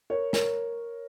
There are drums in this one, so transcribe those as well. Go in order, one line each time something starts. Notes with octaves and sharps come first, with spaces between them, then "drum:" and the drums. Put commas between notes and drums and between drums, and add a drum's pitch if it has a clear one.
A#4 C#5
A#4 C#5, drum: snare